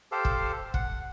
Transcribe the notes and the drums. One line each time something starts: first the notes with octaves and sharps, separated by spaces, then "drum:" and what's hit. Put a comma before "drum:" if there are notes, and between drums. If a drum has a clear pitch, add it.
G4 A4 C5 F5
drum: kick
F#5, drum: kick